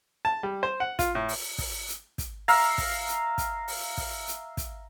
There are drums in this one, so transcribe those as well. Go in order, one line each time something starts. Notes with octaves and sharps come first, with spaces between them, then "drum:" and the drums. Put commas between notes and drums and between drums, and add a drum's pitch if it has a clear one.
A5
G3
C5
F#5
F4, drum: kick, hi-hat
A2
drum: open hi-hat
drum: kick, open hi-hat
drum: hi-hat
drum: kick, hi-hat
E5 F5 A#5, drum: open hi-hat
drum: kick, open hi-hat
drum: hi-hat
drum: kick, hi-hat
drum: open hi-hat
drum: kick, open hi-hat
drum: hi-hat
drum: kick, hi-hat